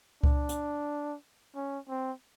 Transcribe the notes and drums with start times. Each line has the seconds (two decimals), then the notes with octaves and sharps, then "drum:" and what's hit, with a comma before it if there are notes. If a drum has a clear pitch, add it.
0.23 D4, drum: kick C#2
0.49 drum: hi-hat
1.56 C#4
1.89 C4